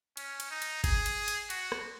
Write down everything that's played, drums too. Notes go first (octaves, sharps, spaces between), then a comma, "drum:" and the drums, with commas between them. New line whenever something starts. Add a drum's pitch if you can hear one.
C#4, drum: cymbal
drum: cymbal
D#4
drum: cymbal
G#4, drum: kick G#1, cymbal
drum: cymbal
drum: cymbal
F#4, drum: cymbal
drum: rim click